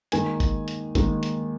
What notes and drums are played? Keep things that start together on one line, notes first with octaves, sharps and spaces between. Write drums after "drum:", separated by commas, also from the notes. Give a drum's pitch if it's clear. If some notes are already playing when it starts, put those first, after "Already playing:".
D#2 D#3 G#3 G#5, drum: hi-hat
drum: kick G1, hi-hat
drum: hi-hat
D#2 D#3 G#3, drum: kick G1, hi-hat
drum: hi-hat